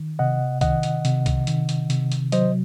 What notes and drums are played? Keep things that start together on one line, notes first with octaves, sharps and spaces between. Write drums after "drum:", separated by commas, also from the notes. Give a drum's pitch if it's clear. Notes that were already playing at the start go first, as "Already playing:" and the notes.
Already playing: D#3
C3 D#5 F#5
D#3 D#5 F#5, drum: kick, hi-hat
drum: hi-hat
C3, drum: hi-hat
drum: kick, hi-hat
D#3, drum: hi-hat
drum: hi-hat
C3, drum: hi-hat
drum: hi-hat
F#3 C5 D#5, drum: hi-hat